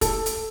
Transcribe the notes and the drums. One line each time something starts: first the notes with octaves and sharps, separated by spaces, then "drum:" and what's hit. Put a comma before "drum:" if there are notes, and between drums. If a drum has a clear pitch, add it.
A4, drum: kick, hi-hat
drum: hi-hat